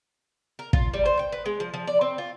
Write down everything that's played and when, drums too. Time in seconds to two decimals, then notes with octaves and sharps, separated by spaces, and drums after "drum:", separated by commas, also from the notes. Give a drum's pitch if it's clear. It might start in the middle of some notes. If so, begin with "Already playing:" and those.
0.59 A#4
0.73 F4, drum: kick
0.94 G3
1.06 C5
1.19 G5
1.32 B4
1.46 G#3
1.60 F3
1.74 F3
1.87 D5
2.01 C4
2.18 F4